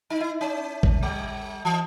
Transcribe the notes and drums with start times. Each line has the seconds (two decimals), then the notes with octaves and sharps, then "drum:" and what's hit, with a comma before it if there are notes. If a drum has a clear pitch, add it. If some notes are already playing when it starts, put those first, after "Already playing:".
0.10 D#4
0.20 E4
0.41 C#4
0.83 drum: kick A1
1.03 G3
1.65 E3